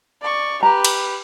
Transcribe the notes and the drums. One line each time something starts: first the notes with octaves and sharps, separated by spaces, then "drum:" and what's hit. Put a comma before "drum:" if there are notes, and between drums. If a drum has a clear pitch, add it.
D5 C#6
G4 B4 A#5
drum: cymbal